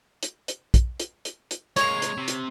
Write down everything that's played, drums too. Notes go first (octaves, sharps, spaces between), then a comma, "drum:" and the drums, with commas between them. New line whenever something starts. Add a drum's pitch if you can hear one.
drum: hi-hat
drum: hi-hat
drum: kick, hi-hat
drum: hi-hat
drum: hi-hat
drum: hi-hat
G#3 A#3 C#5 G#5 A#5, drum: hi-hat
drum: hi-hat
C3
drum: hi-hat